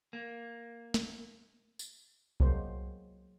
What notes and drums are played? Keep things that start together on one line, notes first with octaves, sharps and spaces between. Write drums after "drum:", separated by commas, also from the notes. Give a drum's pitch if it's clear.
A#3
drum: snare
drum: tambourine
F#3 G#3 A#3 C5, drum: kick C2